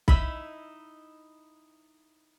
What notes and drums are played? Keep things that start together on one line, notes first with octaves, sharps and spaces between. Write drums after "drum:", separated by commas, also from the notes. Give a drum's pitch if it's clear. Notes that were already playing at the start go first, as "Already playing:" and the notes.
D#4 E4 B5 E6, drum: kick B1